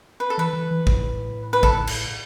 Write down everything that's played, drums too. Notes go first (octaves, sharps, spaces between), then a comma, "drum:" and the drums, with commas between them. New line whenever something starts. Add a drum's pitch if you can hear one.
B4
A4
E3 B4
E3
E3
A2, drum: kick
B4
A4, drum: kick
drum: cymbal